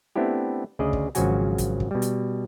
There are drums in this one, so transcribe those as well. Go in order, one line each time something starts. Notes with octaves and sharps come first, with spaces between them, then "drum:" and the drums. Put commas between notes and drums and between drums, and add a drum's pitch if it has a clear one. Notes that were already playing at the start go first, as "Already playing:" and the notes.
A3 B3 C4 D4 E4 G4
D2 C#3 G#4 D5 D#5
drum: kick
G#1 C#3 F3 F#3 F#4 G#5, drum: hi-hat
drum: kick, hi-hat
drum: kick
B2 G3
drum: hi-hat